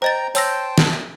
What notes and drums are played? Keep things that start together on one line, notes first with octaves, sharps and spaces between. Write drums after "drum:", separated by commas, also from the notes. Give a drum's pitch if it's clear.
C5 D#5 G5 A#5 A6
C5 C#5 G5 A5 E6 A#6, drum: open hi-hat
drum: snare